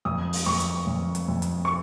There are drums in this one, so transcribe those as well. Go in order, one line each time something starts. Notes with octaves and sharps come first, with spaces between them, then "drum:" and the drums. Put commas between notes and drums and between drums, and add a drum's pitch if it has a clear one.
F2 D#6
drum: open hi-hat
F2 C#6
drum: hi-hat
F2
drum: hi-hat
F2
drum: hi-hat
C#6